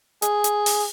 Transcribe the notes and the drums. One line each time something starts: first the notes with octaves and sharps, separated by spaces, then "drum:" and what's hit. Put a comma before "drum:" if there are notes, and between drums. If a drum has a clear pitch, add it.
G#4, drum: hi-hat
drum: hi-hat
drum: open hi-hat